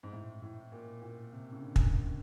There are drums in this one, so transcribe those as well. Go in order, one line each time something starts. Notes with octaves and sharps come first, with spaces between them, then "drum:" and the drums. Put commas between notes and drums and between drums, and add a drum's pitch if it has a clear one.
G#2
A2
A2
A#2
A#2
C3
C#3
D3
drum: kick